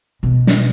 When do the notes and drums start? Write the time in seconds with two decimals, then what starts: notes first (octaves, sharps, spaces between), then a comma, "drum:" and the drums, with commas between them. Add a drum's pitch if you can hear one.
0.23 B2
0.47 drum: snare